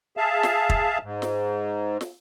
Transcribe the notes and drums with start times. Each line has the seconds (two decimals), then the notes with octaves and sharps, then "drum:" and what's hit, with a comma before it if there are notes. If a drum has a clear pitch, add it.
0.17 G#4 E5 F5 A5
0.43 drum: snare
0.70 drum: kick
1.03 G#2
1.22 drum: snare
2.01 drum: snare